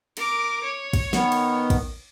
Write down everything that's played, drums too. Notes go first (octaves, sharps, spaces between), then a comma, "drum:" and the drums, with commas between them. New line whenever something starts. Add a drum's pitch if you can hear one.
A#4 D6, drum: cymbal
C#5
drum: kick, cymbal
D#3 B3, drum: snare
drum: cymbal
drum: kick, cymbal